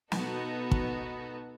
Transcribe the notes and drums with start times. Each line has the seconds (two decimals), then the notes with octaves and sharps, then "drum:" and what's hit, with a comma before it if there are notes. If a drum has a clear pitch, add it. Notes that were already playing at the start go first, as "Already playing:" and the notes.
0.12 B2 B3 D#4 F#4 A4, drum: snare
0.71 drum: kick